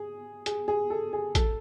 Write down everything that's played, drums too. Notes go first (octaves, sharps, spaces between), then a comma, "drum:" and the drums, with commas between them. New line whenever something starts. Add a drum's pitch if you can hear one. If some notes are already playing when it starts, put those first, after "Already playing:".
Already playing: G#4
G#4, drum: hi-hat
G#4
A4
G#4
A4, drum: kick A1, hi-hat